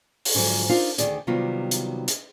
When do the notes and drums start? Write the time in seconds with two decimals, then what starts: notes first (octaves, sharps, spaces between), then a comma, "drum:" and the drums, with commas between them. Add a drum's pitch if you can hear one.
0.25 drum: open hi-hat
0.35 G#2 D3 F3 F#3 F4
0.69 D4 D#4 F4 A#4 C5
0.98 D2 B2 D#3 G#4 D5, drum: hi-hat
1.27 C3 D#3 F#3 G3 B3 F4
1.71 drum: hi-hat
2.08 drum: hi-hat